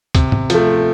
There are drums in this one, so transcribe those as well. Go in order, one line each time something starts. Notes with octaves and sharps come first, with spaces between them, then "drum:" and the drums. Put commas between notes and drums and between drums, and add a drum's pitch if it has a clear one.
C3, drum: kick C#2, hi-hat
drum: tom G#2
F3 A3, drum: hi-hat